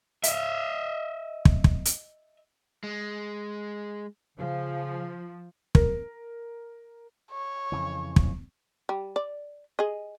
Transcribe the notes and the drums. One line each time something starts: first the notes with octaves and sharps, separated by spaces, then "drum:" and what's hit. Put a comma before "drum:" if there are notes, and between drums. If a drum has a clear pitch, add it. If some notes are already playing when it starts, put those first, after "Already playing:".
D#5 E5, drum: hi-hat
drum: kick
drum: kick
drum: hi-hat
G#3
C#3 F3
A#4, drum: kick
C#5
F2 C#3 E3
drum: kick
G3
D5
G#4 D#5